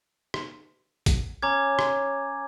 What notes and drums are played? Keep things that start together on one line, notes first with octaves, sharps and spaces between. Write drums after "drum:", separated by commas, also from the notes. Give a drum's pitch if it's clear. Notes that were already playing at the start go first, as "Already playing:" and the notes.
drum: rim click
drum: kick A#1, hi-hat
C#4 A#5 D6 G#6
drum: rim click